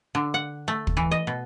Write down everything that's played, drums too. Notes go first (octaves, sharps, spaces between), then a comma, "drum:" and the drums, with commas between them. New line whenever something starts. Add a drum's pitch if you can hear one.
D3
F#5
A3
drum: kick
E3
D#5
B2